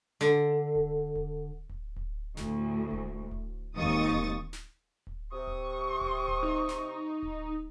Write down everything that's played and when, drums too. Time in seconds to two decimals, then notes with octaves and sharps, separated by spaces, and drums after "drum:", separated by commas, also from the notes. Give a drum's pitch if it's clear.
0.21 D3, drum: snare
0.75 drum: kick D1
1.16 drum: kick D1
1.69 drum: kick D1
1.96 drum: kick D1
2.37 D2 A2, drum: snare
2.91 drum: kick D1
3.31 drum: kick D1
3.75 G#1 D#2 C4 C#6 D#6 A6
3.85 drum: kick D1
4.12 drum: kick D1
4.53 drum: snare
5.07 drum: kick D1
5.32 C3 C#6 D#6
5.47 drum: kick D1
6.01 drum: kick D1
6.28 drum: kick D1
6.43 D#4
6.69 drum: snare
7.23 drum: kick D1